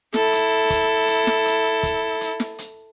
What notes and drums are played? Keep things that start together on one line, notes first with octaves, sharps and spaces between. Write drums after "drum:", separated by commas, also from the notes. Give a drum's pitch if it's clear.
E4 A4, drum: snare
drum: hi-hat
drum: kick, hi-hat
drum: hi-hat
drum: snare
drum: hi-hat
drum: kick, hi-hat
drum: hi-hat
drum: snare
drum: hi-hat